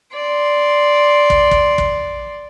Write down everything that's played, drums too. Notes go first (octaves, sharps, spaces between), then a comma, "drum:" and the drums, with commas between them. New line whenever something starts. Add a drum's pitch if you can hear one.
D5 C6
drum: kick
drum: kick
drum: kick